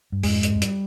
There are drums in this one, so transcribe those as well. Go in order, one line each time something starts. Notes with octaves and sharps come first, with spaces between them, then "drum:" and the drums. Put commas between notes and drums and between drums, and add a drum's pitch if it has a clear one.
G2
F2 G#2 G#3, drum: open hi-hat
drum: hi-hat
F2
G3, drum: hi-hat